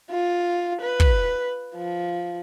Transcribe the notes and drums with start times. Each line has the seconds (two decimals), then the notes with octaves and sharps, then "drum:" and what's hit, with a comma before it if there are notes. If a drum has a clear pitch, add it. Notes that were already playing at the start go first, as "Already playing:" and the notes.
0.10 F4
0.81 B4
1.00 drum: kick
1.76 F3